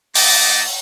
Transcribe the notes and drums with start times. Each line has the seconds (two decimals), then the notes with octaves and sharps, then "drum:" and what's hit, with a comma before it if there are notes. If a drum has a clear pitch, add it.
0.15 A3 D#4 D#5 A5 D6, drum: open hi-hat